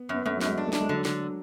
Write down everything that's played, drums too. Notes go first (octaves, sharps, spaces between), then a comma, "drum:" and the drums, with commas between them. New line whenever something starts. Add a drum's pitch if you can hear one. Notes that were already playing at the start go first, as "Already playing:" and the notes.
Already playing: B3
F#2
B3
F#2 A3
F#3
F#2 G#3, drum: snare
D4
A3
D4, drum: snare
G#3
D3 F#3
D3, drum: snare